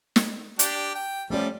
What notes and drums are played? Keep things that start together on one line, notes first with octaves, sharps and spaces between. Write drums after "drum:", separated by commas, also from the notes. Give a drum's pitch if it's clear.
drum: snare
D4 G4, drum: hi-hat
G5
F3 G3 A3 C#4 D5